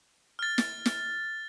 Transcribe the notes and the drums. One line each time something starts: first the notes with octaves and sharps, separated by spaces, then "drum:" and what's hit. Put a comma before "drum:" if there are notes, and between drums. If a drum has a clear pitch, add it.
F6 A6
drum: snare
drum: snare